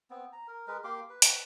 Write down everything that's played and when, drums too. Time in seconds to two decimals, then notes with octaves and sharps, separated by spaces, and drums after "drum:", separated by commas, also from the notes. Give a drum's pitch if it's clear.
0.10 B3 C4
0.33 A#5
0.48 A#4
0.67 G#3 A#4 B4
0.84 A#3 G4 C6 D6
1.10 B4
1.22 drum: hi-hat